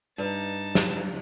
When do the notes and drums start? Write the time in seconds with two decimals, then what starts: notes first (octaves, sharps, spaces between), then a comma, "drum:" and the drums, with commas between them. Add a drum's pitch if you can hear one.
0.18 G2 D#4 A5
0.75 drum: snare